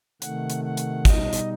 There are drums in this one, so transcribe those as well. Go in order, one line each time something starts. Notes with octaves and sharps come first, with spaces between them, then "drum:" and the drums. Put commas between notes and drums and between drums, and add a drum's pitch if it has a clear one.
C3 D#3 A3 F#5, drum: hi-hat
drum: hi-hat
F#5
drum: hi-hat
B2 G3 D#4 D#5, drum: kick, hi-hat
drum: hi-hat